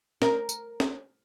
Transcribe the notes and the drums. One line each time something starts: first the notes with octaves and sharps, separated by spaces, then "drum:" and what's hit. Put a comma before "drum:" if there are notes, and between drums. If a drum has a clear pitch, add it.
A#4, drum: snare
drum: tambourine
drum: snare